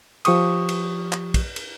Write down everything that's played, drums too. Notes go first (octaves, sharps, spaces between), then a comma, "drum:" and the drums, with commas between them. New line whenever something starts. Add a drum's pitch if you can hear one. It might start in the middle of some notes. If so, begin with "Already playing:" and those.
F3 G4 C#6 D#6, drum: cymbal
drum: cymbal
drum: clap
drum: kick, cymbal
drum: cymbal